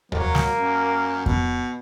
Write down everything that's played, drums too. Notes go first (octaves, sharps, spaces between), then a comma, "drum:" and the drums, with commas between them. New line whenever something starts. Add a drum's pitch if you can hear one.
F#3 A#3, drum: tom D#2
drum: snare
F#2
B2, drum: kick F2